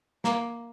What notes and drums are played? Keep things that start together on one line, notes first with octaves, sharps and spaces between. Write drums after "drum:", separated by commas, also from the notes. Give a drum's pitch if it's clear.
A#3, drum: snare